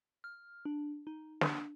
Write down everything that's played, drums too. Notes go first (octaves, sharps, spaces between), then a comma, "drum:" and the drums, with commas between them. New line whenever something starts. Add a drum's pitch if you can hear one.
F6
D4
D#4
D4, drum: snare